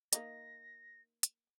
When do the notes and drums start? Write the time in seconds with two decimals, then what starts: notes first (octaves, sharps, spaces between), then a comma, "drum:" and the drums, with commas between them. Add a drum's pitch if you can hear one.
0.13 A#3 D#4 A#6, drum: hi-hat
1.23 drum: hi-hat